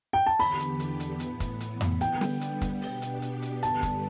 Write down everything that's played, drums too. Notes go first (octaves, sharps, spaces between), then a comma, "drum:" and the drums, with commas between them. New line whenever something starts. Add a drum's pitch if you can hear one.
G5
A5
E2 D3 B3 G4 B5, drum: open hi-hat
drum: hi-hat
drum: hi-hat
drum: hi-hat
A2 E3 B3, drum: hi-hat
drum: kick, hi-hat
drum: hi-hat
drum: tom F2
D3 G3 B3 G5, drum: hi-hat
drum: snare
drum: hi-hat
drum: kick, hi-hat
B2 B3 D4 G4, drum: open hi-hat
drum: hi-hat
drum: hi-hat
drum: hi-hat
G2 D3 G3 B3 A5, drum: hi-hat
drum: kick, hi-hat